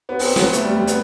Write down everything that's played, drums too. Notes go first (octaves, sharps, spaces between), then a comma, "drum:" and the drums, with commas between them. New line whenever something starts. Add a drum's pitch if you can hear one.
B3
C4, drum: open hi-hat
B3, drum: snare
A3, drum: hi-hat
G3
G3
B3, drum: hi-hat